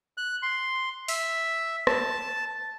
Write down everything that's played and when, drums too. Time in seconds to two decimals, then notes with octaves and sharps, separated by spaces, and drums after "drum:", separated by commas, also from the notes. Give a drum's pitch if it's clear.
0.18 F#6
0.43 C6
1.08 E5, drum: open hi-hat
1.87 A5, drum: rim click